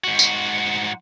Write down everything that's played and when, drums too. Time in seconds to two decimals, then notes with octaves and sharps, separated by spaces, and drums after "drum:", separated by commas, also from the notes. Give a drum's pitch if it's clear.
0.04 G#2 F#4
0.19 drum: tambourine